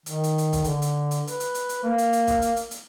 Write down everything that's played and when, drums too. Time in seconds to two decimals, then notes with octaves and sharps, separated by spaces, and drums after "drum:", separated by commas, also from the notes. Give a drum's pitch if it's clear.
0.06 D#3, drum: hi-hat
0.24 drum: hi-hat
0.38 drum: hi-hat
0.53 drum: kick, hi-hat
0.64 D3, drum: hi-hat
0.82 drum: hi-hat
1.11 drum: hi-hat
1.27 B4, drum: hi-hat
1.40 drum: hi-hat
1.55 drum: hi-hat
1.69 drum: hi-hat
1.84 A#3
1.98 drum: hi-hat
2.13 drum: hi-hat
2.27 drum: kick, hi-hat
2.42 drum: hi-hat
2.56 drum: hi-hat
2.71 drum: hi-hat